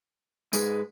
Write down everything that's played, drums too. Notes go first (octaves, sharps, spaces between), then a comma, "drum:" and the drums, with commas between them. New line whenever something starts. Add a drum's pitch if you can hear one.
G#2 G#3 D#4 G#4 B4, drum: tambourine